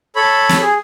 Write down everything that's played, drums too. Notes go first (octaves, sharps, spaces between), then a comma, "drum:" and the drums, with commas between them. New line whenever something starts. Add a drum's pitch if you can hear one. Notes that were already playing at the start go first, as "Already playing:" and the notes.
A4 C#5 B5
drum: snare
G#4